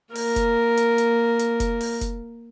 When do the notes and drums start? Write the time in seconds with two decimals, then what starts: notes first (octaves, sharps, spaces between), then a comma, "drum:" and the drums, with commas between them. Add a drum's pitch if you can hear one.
0.15 A#3 A#4, drum: open hi-hat
0.36 drum: kick F1, hi-hat
0.77 drum: hi-hat
0.98 drum: hi-hat
1.39 drum: hi-hat
1.60 drum: kick F1, hi-hat
1.81 drum: open hi-hat
2.01 drum: kick F1, hi-hat